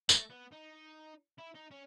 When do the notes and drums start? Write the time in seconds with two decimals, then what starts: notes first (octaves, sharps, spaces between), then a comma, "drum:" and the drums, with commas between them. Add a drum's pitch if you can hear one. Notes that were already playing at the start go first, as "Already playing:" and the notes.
0.09 A3, drum: tambourine
0.30 B3
0.53 D#4
1.39 E4
1.55 D#4
1.71 C#4